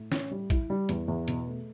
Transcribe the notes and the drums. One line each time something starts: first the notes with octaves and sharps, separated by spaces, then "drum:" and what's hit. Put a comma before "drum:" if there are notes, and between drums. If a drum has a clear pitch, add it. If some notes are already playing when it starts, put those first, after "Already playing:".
Already playing: A2
C#4, drum: snare
G3
E4, drum: kick A#1, hi-hat
G3
E2, drum: hi-hat
E2
B2, drum: hi-hat
A3